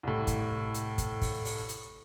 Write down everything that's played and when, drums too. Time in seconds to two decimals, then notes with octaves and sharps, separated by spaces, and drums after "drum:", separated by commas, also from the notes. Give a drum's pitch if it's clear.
0.03 C2 A2
0.27 drum: kick, hi-hat
0.74 drum: hi-hat
0.98 drum: kick, hi-hat
1.22 drum: kick, open hi-hat
1.45 drum: open hi-hat
1.69 drum: hi-hat